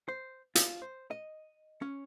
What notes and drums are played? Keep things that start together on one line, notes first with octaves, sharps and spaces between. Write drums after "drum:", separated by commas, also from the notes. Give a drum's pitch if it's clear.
C5
F4, drum: hi-hat
C5
D#5
C#4